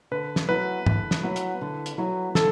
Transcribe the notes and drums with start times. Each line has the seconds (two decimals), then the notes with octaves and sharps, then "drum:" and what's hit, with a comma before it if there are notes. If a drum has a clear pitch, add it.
0.11 D3 B4
0.36 drum: snare
0.48 F#3 B3 E4 B4
0.86 D3, drum: tom
1.11 drum: snare
1.23 F#3 B3 E4
1.36 drum: hi-hat
1.61 D3
1.86 drum: hi-hat
1.98 F#3 B3 E4
2.35 D3 A4, drum: snare